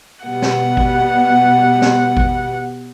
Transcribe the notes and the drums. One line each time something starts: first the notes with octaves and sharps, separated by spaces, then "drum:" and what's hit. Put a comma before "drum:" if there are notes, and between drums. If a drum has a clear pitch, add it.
B2 G3 B3 F#5
drum: snare
drum: kick G#1
drum: snare
drum: kick G#1